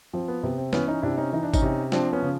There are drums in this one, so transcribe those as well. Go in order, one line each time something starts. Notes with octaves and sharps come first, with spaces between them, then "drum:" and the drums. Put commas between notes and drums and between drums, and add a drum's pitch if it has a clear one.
F3 C4
B3
C3 B3
C4
E3 B3 C#4, drum: snare
C#4 D#4
C3 D4 E4
C#4 D#4
E3 D#4
D4
C#4 D#4, drum: kick G#1, tambourine
C3
F3 C4 D4, drum: snare
B3 C#4
C#3